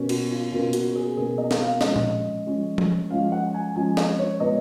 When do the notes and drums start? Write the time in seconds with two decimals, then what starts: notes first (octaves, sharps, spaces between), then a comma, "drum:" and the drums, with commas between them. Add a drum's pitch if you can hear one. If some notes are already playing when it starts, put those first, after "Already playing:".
Already playing: B2 A#3 C#4
0.09 F#4, drum: cymbal
0.30 F4
0.52 B2 A#3 C#4 F4
0.73 F#4, drum: hi-hat
0.96 G#4
1.17 B2 A#3 C#4 G#4
1.38 D#5
1.51 drum: snare
1.60 F5
1.81 F3 G#3 C#4 D#5, drum: snare
1.96 drum: tom A#2
2.46 F3 G#3 C#4
2.78 drum: tom F3
3.10 F3 G#3 C#4 F5
3.32 F#5
3.54 G#5
3.76 F3 G#3 C#4 G#5
3.97 D#5, drum: snare
4.19 C#5
4.40 A#2 G#3 B3 D#5